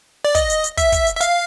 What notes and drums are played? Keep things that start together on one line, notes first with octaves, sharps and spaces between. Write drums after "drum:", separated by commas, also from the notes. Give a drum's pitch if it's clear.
D5
D#5, drum: kick, hi-hat
drum: hi-hat
drum: hi-hat
E5, drum: kick, hi-hat
drum: kick, hi-hat
drum: hi-hat
E5
F5, drum: hi-hat